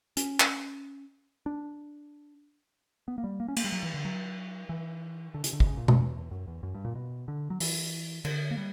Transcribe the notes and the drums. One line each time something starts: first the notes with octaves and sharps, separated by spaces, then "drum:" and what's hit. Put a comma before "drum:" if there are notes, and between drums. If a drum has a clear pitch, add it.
C#4, drum: hi-hat
drum: clap
D4
B3
A#3
G3
A#3
C#4
A#3, drum: cymbal
G3
F#3
E3
D3
F#3
E3
D3
C#3, drum: hi-hat
D3
B2, drum: kick
C#3
A#2
F#2, drum: tom B2
E2
F#2
E2
F#2
G2
A#2
B2
D3
F#3
E3, drum: open hi-hat
D3, drum: cymbal
A#3
G3